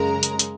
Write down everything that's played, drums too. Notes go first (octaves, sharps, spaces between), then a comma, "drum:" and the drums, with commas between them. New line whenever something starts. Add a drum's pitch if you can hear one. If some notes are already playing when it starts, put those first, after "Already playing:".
Already playing: F#2 C#3 G#3 A#4 A#5
drum: hi-hat
drum: hi-hat